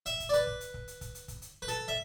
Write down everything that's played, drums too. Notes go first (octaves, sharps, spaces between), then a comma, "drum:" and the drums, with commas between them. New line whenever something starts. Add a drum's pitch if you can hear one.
E5, drum: hi-hat
drum: kick, hi-hat
D5
B4, drum: hi-hat
drum: kick
drum: hi-hat
drum: kick
drum: hi-hat
drum: kick, hi-hat
drum: hi-hat
drum: kick, hi-hat
drum: hi-hat
B4
A4, drum: hi-hat
E5